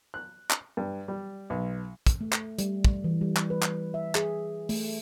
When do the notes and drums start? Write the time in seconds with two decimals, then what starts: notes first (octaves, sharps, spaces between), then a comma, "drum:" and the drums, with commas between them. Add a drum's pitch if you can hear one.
0.14 F#6
0.51 drum: clap
0.77 G2
1.08 G3
1.50 B1
2.07 drum: kick, hi-hat
2.21 A3
2.33 drum: clap
2.59 G3, drum: hi-hat
2.85 drum: kick
3.04 E3
3.21 G3
3.37 drum: clap
3.50 B4
3.63 drum: clap
3.94 E5
4.15 G#4, drum: clap
4.69 A3, drum: open hi-hat